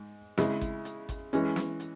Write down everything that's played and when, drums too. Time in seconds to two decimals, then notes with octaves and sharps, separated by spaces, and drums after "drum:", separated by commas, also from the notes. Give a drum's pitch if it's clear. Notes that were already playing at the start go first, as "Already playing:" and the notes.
Already playing: G#2
0.38 C#3 G#3 E4 G#4, drum: snare
0.61 drum: kick G#1, hi-hat
0.85 drum: hi-hat
1.09 drum: kick G#1, hi-hat
1.33 E3 G#3 C#4, drum: hi-hat
1.56 drum: snare
1.80 drum: hi-hat